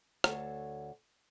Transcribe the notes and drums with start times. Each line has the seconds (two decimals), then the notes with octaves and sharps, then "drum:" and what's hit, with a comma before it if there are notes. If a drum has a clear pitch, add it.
0.24 D2 A4 C#5, drum: rim click